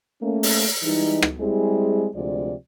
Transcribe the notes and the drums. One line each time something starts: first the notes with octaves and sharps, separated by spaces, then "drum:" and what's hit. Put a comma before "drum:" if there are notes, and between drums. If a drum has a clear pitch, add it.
A3 A#3 C#4
drum: open hi-hat
E3 G3 G#3 D#4
drum: rim click
G3 G#3 C4 E4 G#4
D2 C3 F3 G#3 D5